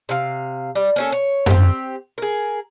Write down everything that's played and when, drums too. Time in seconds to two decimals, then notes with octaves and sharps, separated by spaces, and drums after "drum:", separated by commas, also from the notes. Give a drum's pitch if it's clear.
0.09 C3 F5
0.75 G3
0.96 A#3 C#4 A4
1.12 C#5
1.46 C4 G4, drum: tom F#2
2.18 G#4 A#4